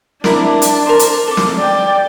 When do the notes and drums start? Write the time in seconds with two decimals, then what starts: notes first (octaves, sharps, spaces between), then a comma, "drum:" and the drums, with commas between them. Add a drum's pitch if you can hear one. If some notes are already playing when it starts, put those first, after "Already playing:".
0.24 D4 E4 A#4 D5, drum: snare
0.62 drum: hi-hat
0.86 A#4 C5
0.99 drum: hi-hat
1.27 A4 D6
1.37 drum: snare
1.58 D5 G5